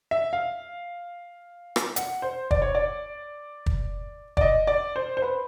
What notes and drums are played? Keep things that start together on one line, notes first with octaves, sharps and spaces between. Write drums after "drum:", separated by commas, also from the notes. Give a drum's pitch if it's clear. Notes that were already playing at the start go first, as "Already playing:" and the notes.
E5
F5
drum: rim click
F#5, drum: hi-hat
C5
D5, drum: kick
C#5
D5
drum: kick
D5, drum: kick
D#5
D5
C5
C5
B4